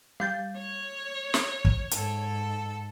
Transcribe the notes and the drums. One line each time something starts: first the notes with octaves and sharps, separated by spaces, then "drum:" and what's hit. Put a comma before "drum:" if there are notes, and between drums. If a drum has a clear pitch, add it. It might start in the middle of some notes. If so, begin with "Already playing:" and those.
G3 F5 G6 A6
C#5
drum: snare
drum: kick
G#2 A4, drum: hi-hat